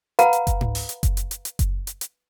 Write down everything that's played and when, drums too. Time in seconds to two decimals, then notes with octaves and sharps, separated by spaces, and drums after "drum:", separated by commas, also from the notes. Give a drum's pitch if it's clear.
0.19 B4 F5 F#5 A#5 B5, drum: hi-hat
0.33 drum: hi-hat
0.47 drum: kick F#1, hi-hat
0.61 drum: tom G#2
0.75 drum: open hi-hat
0.89 drum: hi-hat
1.03 drum: kick F#1, hi-hat
1.17 drum: hi-hat
1.31 drum: hi-hat
1.45 drum: hi-hat
1.59 drum: kick F#1, hi-hat
1.87 drum: hi-hat
2.01 drum: hi-hat